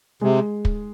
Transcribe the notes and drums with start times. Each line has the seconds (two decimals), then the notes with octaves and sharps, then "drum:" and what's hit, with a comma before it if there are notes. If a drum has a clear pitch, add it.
0.21 C3 G#3
0.65 drum: kick